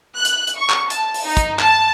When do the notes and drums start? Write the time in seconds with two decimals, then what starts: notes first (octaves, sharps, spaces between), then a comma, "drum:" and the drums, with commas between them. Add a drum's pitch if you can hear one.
0.16 F#6
0.25 drum: hi-hat
0.47 drum: hi-hat
0.57 C#6
0.70 drum: clap
0.90 A5, drum: hi-hat
1.14 drum: open hi-hat
1.24 D#4
1.37 drum: kick, hi-hat
1.59 A5, drum: clap